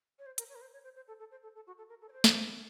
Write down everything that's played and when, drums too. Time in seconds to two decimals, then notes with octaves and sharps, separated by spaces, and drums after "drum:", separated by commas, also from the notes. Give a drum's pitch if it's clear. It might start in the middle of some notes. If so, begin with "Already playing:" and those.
0.19 C#5
0.26 C5
0.38 A#4, drum: hi-hat
0.49 C#5
0.55 A#4
0.61 C5
0.73 C#5
0.84 C5
0.96 C5
1.08 A4
1.19 A4
1.31 C5
1.43 A4
1.55 A4
1.67 F#4
1.78 A4
1.89 A#4
2.01 A4
2.09 C#5
2.13 C5
2.24 drum: snare